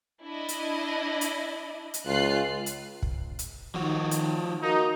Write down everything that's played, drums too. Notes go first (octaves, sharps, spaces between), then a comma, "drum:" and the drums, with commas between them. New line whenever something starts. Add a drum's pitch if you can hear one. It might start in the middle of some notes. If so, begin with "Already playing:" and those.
D4 E4 D#5
drum: hi-hat
drum: hi-hat
drum: hi-hat
C#2 F4 F#6 C7
drum: hi-hat
drum: kick
drum: hi-hat
D#3 F3 F#4
drum: hi-hat
A#3 D#4 F#4